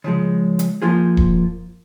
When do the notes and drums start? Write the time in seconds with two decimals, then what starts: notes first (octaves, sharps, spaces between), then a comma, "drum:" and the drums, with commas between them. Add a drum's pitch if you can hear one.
0.04 C#3 F3 G#3
0.59 drum: hi-hat
0.82 F3 A#3 F4 G#4 C5
1.17 drum: kick D#1